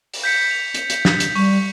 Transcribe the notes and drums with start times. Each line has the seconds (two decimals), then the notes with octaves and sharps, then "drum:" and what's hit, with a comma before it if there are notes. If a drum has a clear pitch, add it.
0.14 drum: open hi-hat
0.24 G6 B6 C#7
0.51 F7
0.74 drum: hi-hat
0.90 drum: hi-hat
1.05 drum: snare
1.20 drum: hi-hat
1.35 G3 C#6, drum: open hi-hat